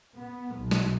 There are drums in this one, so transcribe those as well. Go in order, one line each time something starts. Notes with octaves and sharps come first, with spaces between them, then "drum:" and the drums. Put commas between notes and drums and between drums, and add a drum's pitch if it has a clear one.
B3
B1
drum: snare